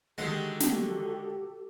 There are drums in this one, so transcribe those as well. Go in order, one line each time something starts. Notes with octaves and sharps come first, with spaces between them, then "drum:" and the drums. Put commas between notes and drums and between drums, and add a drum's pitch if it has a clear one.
D3 D#3 G#3 A3 F#4 G4 A4 F#5
drum: snare